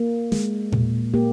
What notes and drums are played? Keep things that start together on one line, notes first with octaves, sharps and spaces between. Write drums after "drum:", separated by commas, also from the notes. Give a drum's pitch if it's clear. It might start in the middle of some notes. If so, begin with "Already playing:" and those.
Already playing: A#3
G#3, drum: snare
A#2, drum: tom
A#3 G4